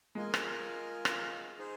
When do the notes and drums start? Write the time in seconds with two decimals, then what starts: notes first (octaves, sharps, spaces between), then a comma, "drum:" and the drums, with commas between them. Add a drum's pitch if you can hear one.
0.15 G#3 F4 A#4 D#5 G#5
0.34 drum: rim click
1.05 drum: rim click
1.58 D#4 G#4 C5